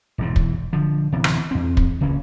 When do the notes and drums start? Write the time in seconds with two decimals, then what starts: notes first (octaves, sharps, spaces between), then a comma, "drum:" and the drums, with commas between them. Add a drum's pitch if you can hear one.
0.18 E1 E2 G#2
0.36 drum: kick
0.73 D3 F3
1.12 D1 C3 E3 B3
1.24 drum: rim click
1.51 E2 C4
1.77 drum: kick
2.01 C#2 C#3 A#3 C#4